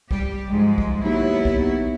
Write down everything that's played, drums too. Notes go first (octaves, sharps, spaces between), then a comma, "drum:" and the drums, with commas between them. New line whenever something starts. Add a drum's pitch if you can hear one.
G3 G4, drum: kick
G#2 F3 G#3
drum: kick
D#2 F#3 B3 E4
drum: kick